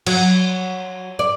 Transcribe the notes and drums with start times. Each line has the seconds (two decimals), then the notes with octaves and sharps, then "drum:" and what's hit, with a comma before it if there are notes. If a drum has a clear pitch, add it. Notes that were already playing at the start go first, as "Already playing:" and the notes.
0.07 F#3, drum: cymbal
1.19 D5